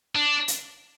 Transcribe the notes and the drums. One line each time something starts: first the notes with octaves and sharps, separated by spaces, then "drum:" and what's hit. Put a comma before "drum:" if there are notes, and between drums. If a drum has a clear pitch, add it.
D4
drum: hi-hat